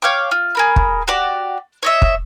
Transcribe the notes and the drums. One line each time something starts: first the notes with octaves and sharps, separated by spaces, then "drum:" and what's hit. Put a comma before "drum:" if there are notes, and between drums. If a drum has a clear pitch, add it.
C#5 F5 G5 D6
F4
G#4 A#4 B5
drum: kick
F#4 G4 D5
C#5 D#5 E5
drum: kick